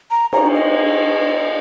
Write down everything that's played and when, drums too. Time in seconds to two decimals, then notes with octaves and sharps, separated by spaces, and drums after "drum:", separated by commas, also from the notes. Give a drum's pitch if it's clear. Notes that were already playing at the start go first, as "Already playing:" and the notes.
0.11 A#5
0.33 A#5, drum: cymbal
0.54 D#5